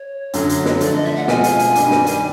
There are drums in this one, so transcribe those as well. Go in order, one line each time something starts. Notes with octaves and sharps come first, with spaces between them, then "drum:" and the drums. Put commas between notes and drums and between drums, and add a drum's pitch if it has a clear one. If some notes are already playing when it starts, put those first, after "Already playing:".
Already playing: C#5
F#2 D3 F#3 A3, drum: hi-hat
drum: hi-hat
drum: snare
D3 F3 A3 D5, drum: hi-hat
D#5
E5
F#5
B2 G#3 C4 F4 G#5, drum: snare
drum: hi-hat
drum: hi-hat
G2 D#3 G3, drum: hi-hat
drum: snare
drum: hi-hat